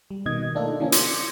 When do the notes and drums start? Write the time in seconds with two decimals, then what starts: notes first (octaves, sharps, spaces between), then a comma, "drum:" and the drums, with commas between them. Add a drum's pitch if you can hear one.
0.11 G3
0.26 B2 D#3 D#5 G#6
0.55 A3 A#3 D4 D#4 F4 A4
0.80 D3 E3 F3 A#3 C#4 D4
0.92 C6 D6 G6 G#6 A#6 C#7, drum: hi-hat